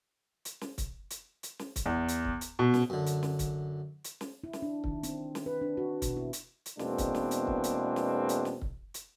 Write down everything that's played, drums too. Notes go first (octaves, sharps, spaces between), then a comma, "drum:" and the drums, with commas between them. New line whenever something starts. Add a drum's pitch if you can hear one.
drum: hi-hat
drum: snare
drum: kick C#1, hi-hat
drum: hi-hat
drum: hi-hat
drum: snare
drum: kick C#1, hi-hat
E2
drum: hi-hat
drum: kick C#1
drum: hi-hat
B2
drum: snare
F#2 D3
drum: hi-hat
drum: snare
drum: kick C#1, hi-hat
drum: hi-hat
drum: snare
E4
drum: snare
D4
D#3, drum: kick C#1
C4, drum: hi-hat
drum: snare
B4
D4
F#4
B2, drum: kick C#1, hi-hat
E4
drum: hi-hat
drum: hi-hat
E2 B2 G#3 A#3 C4 D4, drum: snare
drum: kick C#1, hi-hat
drum: snare
drum: hi-hat
drum: kick C#1
drum: hi-hat
drum: snare
drum: hi-hat
drum: snare
drum: kick C#1
drum: hi-hat